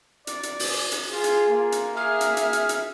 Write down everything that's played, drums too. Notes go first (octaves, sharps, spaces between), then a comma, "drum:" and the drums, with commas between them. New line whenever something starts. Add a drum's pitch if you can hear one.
D5, drum: hi-hat
drum: hi-hat
drum: open hi-hat
drum: hi-hat
F4 G#4
drum: hi-hat
A#3 F4
drum: hi-hat
G#4 E5 F6
drum: hi-hat
drum: hi-hat
drum: hi-hat
drum: hi-hat